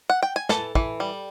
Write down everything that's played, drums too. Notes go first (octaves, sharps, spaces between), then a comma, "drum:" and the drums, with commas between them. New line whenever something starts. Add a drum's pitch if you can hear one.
F#5
G5
G#5
E3 A4 A5, drum: snare
E3, drum: kick
G3